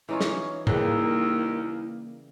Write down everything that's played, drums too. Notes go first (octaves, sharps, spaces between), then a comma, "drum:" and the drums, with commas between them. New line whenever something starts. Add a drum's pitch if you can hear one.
E3 C#4 D#4 F4 C#5
drum: snare
D#2 C#3 G3 A#3 E4 B4, drum: tom G#2